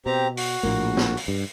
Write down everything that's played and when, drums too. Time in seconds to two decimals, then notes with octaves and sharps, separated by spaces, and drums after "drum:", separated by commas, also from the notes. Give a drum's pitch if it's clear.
0.06 B2 C4 G4 A#5
0.37 F#4, drum: open hi-hat
0.63 A#1 A2 A#3
0.97 drum: snare
1.17 drum: open hi-hat
1.28 G2